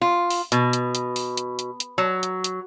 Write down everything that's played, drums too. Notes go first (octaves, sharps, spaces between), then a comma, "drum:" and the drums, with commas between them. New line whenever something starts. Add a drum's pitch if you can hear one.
F4
drum: open hi-hat
B2, drum: hi-hat
drum: hi-hat
drum: hi-hat
drum: open hi-hat
drum: hi-hat
drum: hi-hat
drum: hi-hat
F#3
drum: hi-hat
drum: hi-hat